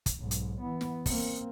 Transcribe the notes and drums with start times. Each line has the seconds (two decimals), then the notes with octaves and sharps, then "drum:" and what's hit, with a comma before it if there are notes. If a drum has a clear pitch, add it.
0.06 drum: kick, hi-hat
0.19 B1 G#2
0.31 drum: hi-hat
0.61 E3 B3
0.81 drum: snare
1.06 A#3 C4, drum: kick, open hi-hat